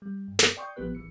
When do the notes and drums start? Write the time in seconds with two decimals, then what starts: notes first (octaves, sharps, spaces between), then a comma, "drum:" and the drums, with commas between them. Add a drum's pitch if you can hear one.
0.02 G3
0.28 G2
0.39 drum: snare
0.57 D5 G5 C6 C#6 D#6 G6
0.76 A1 F3 B3 G4 B4 F#6
0.95 G#1 E3 C#7